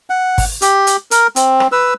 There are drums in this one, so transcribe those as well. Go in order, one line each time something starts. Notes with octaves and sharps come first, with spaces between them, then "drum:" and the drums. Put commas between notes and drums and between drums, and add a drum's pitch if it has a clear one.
F#5
drum: kick, open hi-hat
G4, drum: hi-hat
drum: hi-hat
A#4, drum: hi-hat
C4, drum: hi-hat
drum: rim click
B4 E6